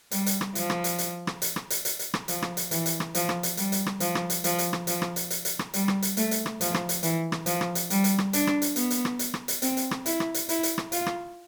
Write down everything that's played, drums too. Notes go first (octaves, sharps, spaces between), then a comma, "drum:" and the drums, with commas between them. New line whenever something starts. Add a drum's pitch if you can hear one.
G3, drum: hi-hat
drum: hi-hat
drum: rim click
F3, drum: hi-hat
drum: rim click
drum: hi-hat
drum: hi-hat
drum: rim click
drum: hi-hat
drum: rim click
drum: hi-hat
drum: hi-hat
drum: hi-hat
drum: rim click
F3, drum: hi-hat
drum: rim click
drum: hi-hat
E3, drum: hi-hat
drum: hi-hat
drum: rim click
F3, drum: hi-hat
drum: rim click
drum: hi-hat
G3, drum: hi-hat
drum: hi-hat
drum: rim click
F3, drum: hi-hat
drum: rim click
drum: hi-hat
F3, drum: hi-hat
drum: hi-hat
drum: rim click
F3, drum: hi-hat
drum: rim click
drum: hi-hat
drum: hi-hat
drum: hi-hat
drum: rim click
G3, drum: hi-hat
drum: rim click
drum: hi-hat
A3, drum: hi-hat
drum: hi-hat
drum: rim click
F3, drum: hi-hat
drum: rim click
drum: hi-hat
E3, drum: hi-hat
drum: rim click
F3, drum: hi-hat
drum: rim click
drum: hi-hat
G3, drum: hi-hat
drum: hi-hat
drum: rim click
D4, drum: hi-hat
drum: rim click
drum: hi-hat
B3, drum: hi-hat
drum: hi-hat
drum: rim click
drum: hi-hat
drum: rim click
drum: hi-hat
C4, drum: hi-hat
drum: hi-hat
drum: rim click
E4, drum: hi-hat
drum: rim click
drum: hi-hat
E4, drum: hi-hat
drum: hi-hat
drum: rim click
F4, drum: hi-hat
drum: rim click